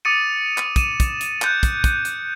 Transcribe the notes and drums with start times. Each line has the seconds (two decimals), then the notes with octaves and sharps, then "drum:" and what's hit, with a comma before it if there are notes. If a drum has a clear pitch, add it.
0.05 D6 D#6 A6 C#7 D#7
0.58 drum: clap
0.76 D#7 E7, drum: kick, hi-hat
1.00 drum: kick, hi-hat
1.21 drum: hi-hat
1.42 F#6 G6 C#7, drum: clap
1.63 drum: kick, hi-hat
1.84 drum: kick, hi-hat
2.05 drum: hi-hat